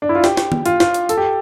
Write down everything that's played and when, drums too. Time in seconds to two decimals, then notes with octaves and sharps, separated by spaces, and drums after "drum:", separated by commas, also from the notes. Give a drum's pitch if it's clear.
0.02 D4
0.09 E4
0.15 F4
0.24 G4, drum: snare
0.37 drum: snare
0.52 drum: tom
0.66 F4, drum: hi-hat
0.80 F4, drum: snare
0.94 drum: hi-hat
1.09 A4, drum: hi-hat
1.18 G4